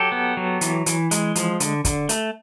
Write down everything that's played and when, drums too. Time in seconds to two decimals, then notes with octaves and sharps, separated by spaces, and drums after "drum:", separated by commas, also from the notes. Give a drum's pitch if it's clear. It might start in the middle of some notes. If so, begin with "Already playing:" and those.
Already playing: F#3 G4 A4
0.12 B3
0.37 F#3
0.61 E3, drum: hi-hat
0.86 E3, drum: hi-hat
1.11 G#3, drum: hi-hat
1.36 F3, drum: hi-hat
1.60 D3, drum: hi-hat
1.85 D3, drum: kick, hi-hat
2.09 A3, drum: hi-hat